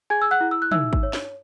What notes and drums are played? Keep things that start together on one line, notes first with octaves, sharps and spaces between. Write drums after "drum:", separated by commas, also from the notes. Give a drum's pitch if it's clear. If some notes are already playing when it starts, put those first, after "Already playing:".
G#4 G#5 G#6
E6
F#5 F#6
E4
E6
F#6
D#4 E5 E6, drum: tom
drum: kick G#1
C#5
drum: snare